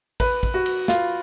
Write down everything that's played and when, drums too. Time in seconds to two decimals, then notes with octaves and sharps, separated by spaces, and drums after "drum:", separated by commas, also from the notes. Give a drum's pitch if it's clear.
0.20 B4, drum: kick A1, cymbal
0.43 drum: kick A1
0.54 F#4
0.66 drum: cymbal
0.88 F4, drum: snare